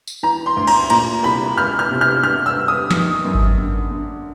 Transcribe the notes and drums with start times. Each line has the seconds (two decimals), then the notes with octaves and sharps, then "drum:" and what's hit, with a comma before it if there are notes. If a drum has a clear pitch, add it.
0.07 drum: tambourine
0.23 E3 A#5
0.46 C6
0.57 D2
0.67 A#5, drum: cymbal
0.90 A#2 A#5, drum: cymbal
1.23 C2 B5
1.57 C#2 F6
1.79 F6
1.91 C3
2.01 F6
2.23 D3 F6
2.46 E6
2.57 G2
2.68 D#6
2.91 D#3 D#6, drum: snare
3.25 F#2
3.35 drum: kick G#1
3.58 D3
3.91 D3